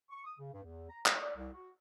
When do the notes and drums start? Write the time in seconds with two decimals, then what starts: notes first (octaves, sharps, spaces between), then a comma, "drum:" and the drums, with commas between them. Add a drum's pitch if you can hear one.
0.10 C#6
0.25 D#6
0.39 C#3
0.53 G2
0.64 E2
0.90 A#5
1.06 C#5, drum: clap
1.21 D5
1.36 C2
1.54 F#4